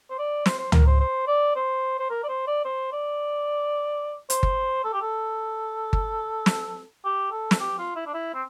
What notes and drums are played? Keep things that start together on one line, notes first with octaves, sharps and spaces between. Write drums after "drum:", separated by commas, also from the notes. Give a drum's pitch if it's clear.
C5
D5
C5, drum: snare
C5
A#4, drum: tom C#2
C5
C5
D5
C5
C5
A#4
D5
C5
D5
C5
D5
C5, drum: hi-hat
drum: kick G1
A4
G4
A4
drum: kick G1
drum: snare
G4
A4
drum: snare
G4
F4
E4
D4
E4
C4